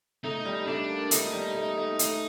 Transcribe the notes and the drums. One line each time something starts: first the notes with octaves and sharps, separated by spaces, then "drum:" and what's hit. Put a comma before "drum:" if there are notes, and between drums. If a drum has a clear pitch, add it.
A3 D#4
G3
A3 D4
A#3
A3 D#4, drum: hi-hat
G3
A3
A3
A3, drum: hi-hat